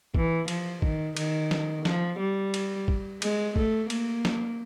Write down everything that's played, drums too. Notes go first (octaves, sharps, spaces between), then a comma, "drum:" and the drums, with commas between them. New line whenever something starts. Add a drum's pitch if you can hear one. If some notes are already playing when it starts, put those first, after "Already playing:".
E3, drum: kick
F3, drum: cymbal
D#3, drum: kick
D#3, drum: cymbal
drum: snare
F3, drum: snare
G3
drum: cymbal
drum: kick
G#3, drum: cymbal
A3, drum: kick
A#3, drum: cymbal
drum: snare